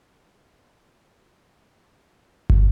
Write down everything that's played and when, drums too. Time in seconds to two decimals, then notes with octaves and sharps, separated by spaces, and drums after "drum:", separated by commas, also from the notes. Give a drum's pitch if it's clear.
0.86 A#4 A#5
1.47 F5 F#5
2.07 D#5
2.50 drum: kick